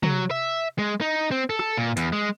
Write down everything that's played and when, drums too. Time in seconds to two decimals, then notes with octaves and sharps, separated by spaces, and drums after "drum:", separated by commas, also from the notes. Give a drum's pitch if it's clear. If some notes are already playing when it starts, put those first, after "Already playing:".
0.03 F#3, drum: tom C3
0.31 E5
0.78 G#3
1.01 D#4
1.31 C4
1.50 A4
1.59 drum: rim click
1.77 A#2
1.97 E2, drum: hi-hat
2.13 G#3